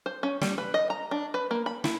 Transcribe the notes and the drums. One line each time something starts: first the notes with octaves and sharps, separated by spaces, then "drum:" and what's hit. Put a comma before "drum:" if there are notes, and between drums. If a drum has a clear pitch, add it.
C5
C#4
G3, drum: snare
B4
D#5
A#5
D4
B4
A#3
B5
E4, drum: snare